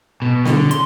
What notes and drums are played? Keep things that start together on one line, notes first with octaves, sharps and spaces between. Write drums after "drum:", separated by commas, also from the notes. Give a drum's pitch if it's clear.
B2
D3, drum: snare
C6, drum: hi-hat